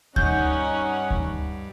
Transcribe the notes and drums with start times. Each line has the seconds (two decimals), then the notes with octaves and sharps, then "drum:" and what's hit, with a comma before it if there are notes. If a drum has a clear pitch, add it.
0.16 G2 C#4 D#4 F#5 G6, drum: kick D2
1.10 drum: kick D2